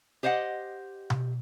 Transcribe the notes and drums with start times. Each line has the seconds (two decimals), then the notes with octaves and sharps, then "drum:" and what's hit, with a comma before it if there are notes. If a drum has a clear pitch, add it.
0.23 G4 C5 D#5 F5 F#5
1.10 drum: tom B2